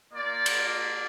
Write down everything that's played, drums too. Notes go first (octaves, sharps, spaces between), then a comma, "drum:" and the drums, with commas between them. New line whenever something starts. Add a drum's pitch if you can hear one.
A#3 F4 D5
drum: cymbal
D5